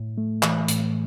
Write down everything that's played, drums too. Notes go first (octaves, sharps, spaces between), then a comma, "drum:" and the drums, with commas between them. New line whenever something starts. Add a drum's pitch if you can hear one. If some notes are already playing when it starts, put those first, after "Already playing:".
Already playing: A2
A3
E3, drum: clap
A2, drum: hi-hat